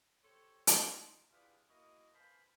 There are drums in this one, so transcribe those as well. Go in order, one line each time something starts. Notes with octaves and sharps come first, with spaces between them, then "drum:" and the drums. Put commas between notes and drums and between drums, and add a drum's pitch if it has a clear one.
G4 A4 C5 C#5
D#4 F4, drum: hi-hat
D4 E4 F4 G4 G#4 B4
A#3 E4 F#4 D#5
B4 C5 F5 G#5 A5 B5